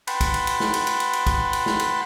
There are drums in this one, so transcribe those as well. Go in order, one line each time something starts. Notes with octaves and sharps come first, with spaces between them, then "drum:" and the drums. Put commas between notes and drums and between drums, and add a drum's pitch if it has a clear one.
B4 F#5 G5 A5 B5 C6, drum: cymbal
drum: kick, cymbal
drum: cymbal
drum: cymbal
drum: snare
drum: cymbal
drum: cymbal
drum: cymbal
drum: cymbal
drum: kick, cymbal
drum: cymbal
drum: snare
drum: cymbal